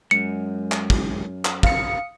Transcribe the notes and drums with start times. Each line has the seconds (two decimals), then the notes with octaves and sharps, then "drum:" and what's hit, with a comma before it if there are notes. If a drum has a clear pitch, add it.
0.11 F#2 G#3 C#7
0.72 drum: clap
0.90 drum: kick
1.45 drum: clap
1.63 F5 D#6 C#7, drum: kick